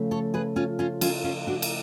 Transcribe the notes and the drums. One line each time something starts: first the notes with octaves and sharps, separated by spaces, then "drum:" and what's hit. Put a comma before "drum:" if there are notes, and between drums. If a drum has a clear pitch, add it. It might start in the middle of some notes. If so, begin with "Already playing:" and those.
Already playing: C#3 F3 A3
A4 C#5
G#4 B4
C#4 F4
C#4 F4
C#4 F4, drum: cymbal
C#4 F4
D4 F#4
drum: cymbal